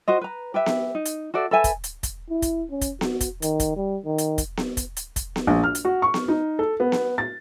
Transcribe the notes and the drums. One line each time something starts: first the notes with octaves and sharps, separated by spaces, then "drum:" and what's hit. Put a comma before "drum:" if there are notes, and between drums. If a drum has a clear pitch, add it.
F#4 C5 D#5
B4 A#5
G4 B4 E5
drum: snare B3
D#4
drum: hi-hat
F#4 A4 D5 E5
A4 B4 E5 G#5
drum: kick, hi-hat
drum: hi-hat
drum: kick, hi-hat
E4
drum: kick, hi-hat
C#4
drum: kick, hi-hat
F#4, drum: snare B3
drum: kick, hi-hat
D#3, drum: hi-hat
drum: kick, hi-hat
G3
D#3
drum: hi-hat
drum: kick, hi-hat
drum: snare B3
drum: kick, hi-hat
drum: hi-hat
drum: kick, hi-hat
drum: snare B3
A#1
F6
drum: hi-hat
F#4
C#6
drum: snare B3
D#4
A4
B3
drum: snare B3
A6